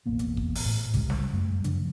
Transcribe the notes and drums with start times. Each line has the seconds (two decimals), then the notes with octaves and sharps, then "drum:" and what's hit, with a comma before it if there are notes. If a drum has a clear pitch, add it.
0.06 E1 A1 A#3 B3
0.19 drum: hi-hat
0.37 drum: kick
0.55 drum: open hi-hat
0.65 A2
0.94 C2 C#3 G3 G#3, drum: kick, hi-hat
1.10 drum: snare
1.33 F#2 G3 A3
1.64 F#2 C#3 F3 D4, drum: hi-hat